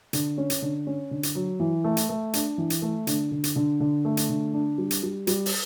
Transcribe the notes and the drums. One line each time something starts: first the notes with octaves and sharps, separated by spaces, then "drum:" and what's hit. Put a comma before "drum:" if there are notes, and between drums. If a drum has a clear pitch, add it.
D3, drum: hi-hat
C#4
drum: hi-hat
D3
C#4
D3
drum: hi-hat
F#3
E3
A3
drum: hi-hat
A3
D4, drum: hi-hat
E3
drum: hi-hat
A3
D3, drum: hi-hat
D3
drum: hi-hat
D3
D3
A3
drum: hi-hat
D3
D4
G3
drum: hi-hat
G3
G3, drum: hi-hat
drum: open hi-hat